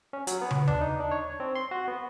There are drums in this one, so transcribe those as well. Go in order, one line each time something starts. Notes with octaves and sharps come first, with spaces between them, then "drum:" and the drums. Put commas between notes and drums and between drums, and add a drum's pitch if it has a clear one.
C#4
F#3, drum: hi-hat
B3
drum: tom
D4, drum: tom D#2
D#4
D4
C#5
C4
C6
F#4
B3